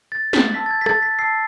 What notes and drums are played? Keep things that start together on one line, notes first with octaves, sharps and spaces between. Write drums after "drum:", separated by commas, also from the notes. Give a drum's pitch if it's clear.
A6
B6, drum: snare
A5 E6 B6
A6
G#6
B6
A6, drum: rim click
B6
A5 E6 C7